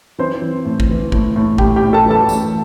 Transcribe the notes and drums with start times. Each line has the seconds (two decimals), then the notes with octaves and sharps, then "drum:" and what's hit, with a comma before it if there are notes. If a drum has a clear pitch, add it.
0.19 E3 C4 C5
0.42 E3
0.66 A2
0.80 drum: kick A1
0.89 E3
1.12 A2, drum: kick A1
1.36 A2
1.58 A2 G4 G5, drum: kick A1
1.76 G4 G5
1.82 A2
1.93 A4 A5
2.06 E3 A4 A5
2.29 A2, drum: tambourine